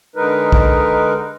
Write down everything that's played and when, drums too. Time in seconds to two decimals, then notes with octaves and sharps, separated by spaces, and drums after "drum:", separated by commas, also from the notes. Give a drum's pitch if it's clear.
0.16 D3 G#3 D#4 A#4 B4
0.52 drum: kick